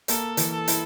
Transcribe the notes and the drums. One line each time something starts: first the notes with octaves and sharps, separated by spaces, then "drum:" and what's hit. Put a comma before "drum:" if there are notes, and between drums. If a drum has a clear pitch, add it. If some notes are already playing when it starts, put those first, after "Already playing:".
A#3 A4, drum: hi-hat
E3, drum: hi-hat
A4
E4, drum: hi-hat